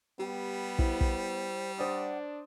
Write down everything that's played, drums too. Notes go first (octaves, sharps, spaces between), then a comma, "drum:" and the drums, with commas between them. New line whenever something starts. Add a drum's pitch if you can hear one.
G3 B3 G4
E4 C5, drum: kick
drum: kick
D4 C5 D5 F#5 D#6